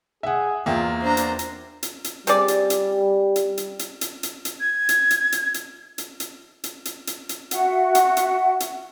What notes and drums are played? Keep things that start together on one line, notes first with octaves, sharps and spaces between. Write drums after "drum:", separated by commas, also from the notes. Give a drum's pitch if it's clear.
G#4 E5 F#5
E2 A#3 F4 E5 G5
D4 C5 A#5
drum: hi-hat
drum: hi-hat
drum: hi-hat
drum: hi-hat
G3 C4 G#4 D5, drum: hi-hat
drum: hi-hat
drum: hi-hat
drum: hi-hat
drum: hi-hat
drum: hi-hat
drum: hi-hat
drum: hi-hat
drum: hi-hat
G#6
drum: hi-hat
drum: hi-hat
drum: hi-hat
drum: hi-hat
drum: hi-hat
drum: hi-hat
drum: hi-hat
drum: hi-hat
drum: hi-hat
drum: hi-hat
F#4 E5 F#5, drum: hi-hat
drum: hi-hat
drum: hi-hat
drum: hi-hat